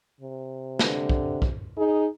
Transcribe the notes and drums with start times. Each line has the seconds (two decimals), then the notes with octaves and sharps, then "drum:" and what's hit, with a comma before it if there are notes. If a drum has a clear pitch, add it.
0.21 C3
0.79 D3, drum: snare
1.10 drum: kick
1.42 drum: kick
1.78 D#4 G#4